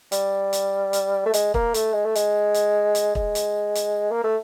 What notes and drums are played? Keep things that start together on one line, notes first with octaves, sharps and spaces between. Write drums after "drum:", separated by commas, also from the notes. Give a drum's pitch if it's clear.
G3, drum: hi-hat
drum: hi-hat
drum: hi-hat
A3
G#3, drum: hi-hat
A#3, drum: kick
A3, drum: hi-hat
G#3
A3
G#3, drum: hi-hat
drum: hi-hat
drum: hi-hat
G#3, drum: kick
drum: hi-hat
drum: hi-hat
A#3
A3